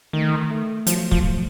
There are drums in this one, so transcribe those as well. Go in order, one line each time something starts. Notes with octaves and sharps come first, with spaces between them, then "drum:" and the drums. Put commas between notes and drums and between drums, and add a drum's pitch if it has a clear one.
D#3 A3
A3
F3 F#3, drum: hi-hat
F3, drum: kick
B2